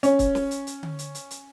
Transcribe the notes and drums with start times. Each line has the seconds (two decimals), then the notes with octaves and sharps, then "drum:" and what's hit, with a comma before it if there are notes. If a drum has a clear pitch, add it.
0.03 C#4, drum: hi-hat
0.19 drum: kick, hi-hat
0.35 drum: snare
0.51 drum: hi-hat
0.67 drum: hi-hat
0.83 drum: tom D3
0.99 drum: hi-hat
1.15 drum: hi-hat
1.31 drum: hi-hat